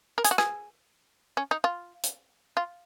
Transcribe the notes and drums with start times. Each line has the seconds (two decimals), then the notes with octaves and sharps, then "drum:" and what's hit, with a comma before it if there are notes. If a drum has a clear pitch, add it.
0.18 A#4
0.24 G#4, drum: hi-hat
0.31 F#4
0.38 G#4, drum: rim click
1.37 C#4
1.51 D#4
1.64 F4
2.04 drum: hi-hat
2.57 F4